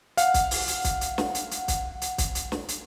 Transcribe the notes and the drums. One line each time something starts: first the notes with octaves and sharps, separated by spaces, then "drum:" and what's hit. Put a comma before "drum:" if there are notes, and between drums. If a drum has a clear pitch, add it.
F5 F#5, drum: hi-hat
drum: kick, hi-hat
drum: open hi-hat
drum: hi-hat
drum: kick, hi-hat
drum: hi-hat
drum: snare
drum: hi-hat
drum: hi-hat
drum: kick, hi-hat
drum: hi-hat
drum: kick, hi-hat
drum: hi-hat
drum: snare
drum: hi-hat